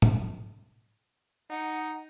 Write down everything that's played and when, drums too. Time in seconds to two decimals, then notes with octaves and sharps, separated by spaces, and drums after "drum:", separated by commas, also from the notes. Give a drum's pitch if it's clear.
0.02 drum: tom
1.50 D#4 F#5